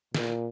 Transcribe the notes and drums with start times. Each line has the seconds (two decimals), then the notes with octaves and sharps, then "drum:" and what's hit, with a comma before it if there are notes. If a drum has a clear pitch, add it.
0.15 A#2, drum: snare